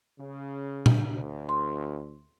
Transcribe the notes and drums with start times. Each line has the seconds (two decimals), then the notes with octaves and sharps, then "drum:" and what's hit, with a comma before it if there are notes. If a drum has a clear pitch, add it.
0.19 C#3
0.86 drum: tom A#2
1.14 D2
1.49 C6